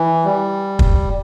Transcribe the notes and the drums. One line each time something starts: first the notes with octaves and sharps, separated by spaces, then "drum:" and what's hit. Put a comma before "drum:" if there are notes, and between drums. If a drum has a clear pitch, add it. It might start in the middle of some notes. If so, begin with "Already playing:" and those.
Already playing: E3
G3
drum: kick